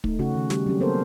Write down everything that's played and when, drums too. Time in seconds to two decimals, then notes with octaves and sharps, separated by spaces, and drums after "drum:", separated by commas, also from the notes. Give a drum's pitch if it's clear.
0.04 A3 D#4, drum: kick
0.19 C#3 C#4 F#4
0.35 D#3
0.50 G3 G4, drum: snare
0.66 F#3 C4 C#4 G4
0.80 A#3 B3 A4 A#4 C5